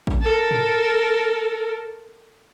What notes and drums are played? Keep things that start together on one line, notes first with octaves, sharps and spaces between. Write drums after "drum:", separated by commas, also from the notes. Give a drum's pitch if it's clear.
drum: kick A1
A4 A#4
drum: tom